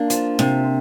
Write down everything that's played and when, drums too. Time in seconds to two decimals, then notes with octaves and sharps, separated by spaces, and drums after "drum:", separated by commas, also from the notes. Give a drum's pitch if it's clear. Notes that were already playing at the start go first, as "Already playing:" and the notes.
Already playing: A#3 D4
0.10 F3, drum: hi-hat
0.39 C3, drum: snare